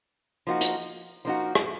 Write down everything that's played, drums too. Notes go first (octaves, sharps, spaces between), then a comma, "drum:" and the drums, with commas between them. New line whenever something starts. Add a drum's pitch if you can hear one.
F3 A#3 D#4 F#4
drum: hi-hat
F3 A#3 D#4 F#4
drum: rim click